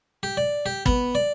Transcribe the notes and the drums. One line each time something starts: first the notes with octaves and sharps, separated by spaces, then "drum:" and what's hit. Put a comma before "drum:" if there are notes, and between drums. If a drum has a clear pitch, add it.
G4
D5
G4
B3, drum: kick
D5